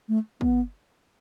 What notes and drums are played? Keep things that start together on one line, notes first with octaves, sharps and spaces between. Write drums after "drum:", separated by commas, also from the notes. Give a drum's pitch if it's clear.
A3
B3, drum: kick